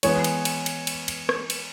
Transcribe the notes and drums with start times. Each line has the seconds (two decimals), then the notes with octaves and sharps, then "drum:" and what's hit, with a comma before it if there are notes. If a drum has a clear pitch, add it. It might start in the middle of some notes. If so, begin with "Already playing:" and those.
0.03 E3 G#3 B3 C#5, drum: cymbal
0.24 drum: cymbal
0.45 drum: cymbal
0.66 drum: cymbal
0.87 drum: cymbal
1.08 drum: cymbal
1.29 drum: rim click
1.50 drum: cymbal